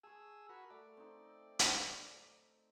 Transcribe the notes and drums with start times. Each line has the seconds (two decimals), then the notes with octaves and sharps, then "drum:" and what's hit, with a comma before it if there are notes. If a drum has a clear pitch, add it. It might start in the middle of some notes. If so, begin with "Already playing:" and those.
0.04 G#4 A5 C#6 E6
0.49 F#4 A#4 B5
0.70 A3 D5
0.97 C4 D#4
1.59 drum: hi-hat